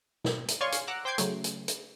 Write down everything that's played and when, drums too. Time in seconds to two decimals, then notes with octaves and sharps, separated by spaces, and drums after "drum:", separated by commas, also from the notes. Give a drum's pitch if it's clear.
0.24 B2, drum: snare
0.48 drum: hi-hat
0.61 C#5 D5 F5 G#5 C6 C#6
0.72 drum: hi-hat
0.88 F#5 A#5 D6 E6 F#6
1.05 C5 G5 D6 G6 G#6 C7
1.18 C#3 F#3 A3, drum: hi-hat
1.44 drum: hi-hat
1.68 drum: hi-hat